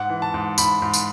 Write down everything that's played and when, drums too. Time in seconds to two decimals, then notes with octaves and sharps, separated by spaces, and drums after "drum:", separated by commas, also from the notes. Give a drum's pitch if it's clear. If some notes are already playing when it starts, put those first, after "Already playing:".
Already playing: G#2 F#5
0.09 E3
0.22 A5
0.34 G#2
0.58 G#2 B5, drum: tambourine
0.82 G#2
0.93 drum: tambourine